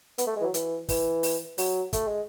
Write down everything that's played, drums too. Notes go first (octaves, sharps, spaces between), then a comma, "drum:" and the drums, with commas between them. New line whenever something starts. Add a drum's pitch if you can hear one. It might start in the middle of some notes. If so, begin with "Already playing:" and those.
B3, drum: hi-hat
A3
G#3
E3
F#3
E3, drum: hi-hat
E3, drum: kick, open hi-hat
drum: open hi-hat
F#3, drum: open hi-hat
A3, drum: kick, hi-hat
G#3